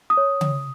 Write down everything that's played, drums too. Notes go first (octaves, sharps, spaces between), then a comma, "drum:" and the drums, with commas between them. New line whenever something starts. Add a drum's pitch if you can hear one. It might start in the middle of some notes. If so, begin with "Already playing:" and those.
D#6
C#5
drum: tom C#3